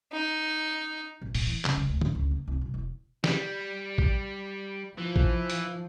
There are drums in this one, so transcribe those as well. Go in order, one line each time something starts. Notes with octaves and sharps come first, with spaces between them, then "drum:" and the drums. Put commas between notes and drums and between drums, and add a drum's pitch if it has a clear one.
D#4
A#1
A#2, drum: open hi-hat
E3
C#3, drum: clap
G#3
D2
A2, drum: tom D3
C#2
A#3
C2
B1
E1
G3, drum: snare
drum: kick A1
E3 F3
drum: kick A1
drum: hi-hat